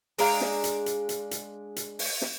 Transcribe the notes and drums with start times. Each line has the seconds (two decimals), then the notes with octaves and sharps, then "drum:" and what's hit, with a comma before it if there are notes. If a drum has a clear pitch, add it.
0.19 G#3 D4 F5 A#5, drum: open hi-hat
0.41 drum: snare
0.64 drum: hi-hat
0.86 drum: hi-hat
1.09 drum: hi-hat
1.31 drum: hi-hat
1.76 drum: hi-hat
1.99 drum: open hi-hat
2.22 drum: snare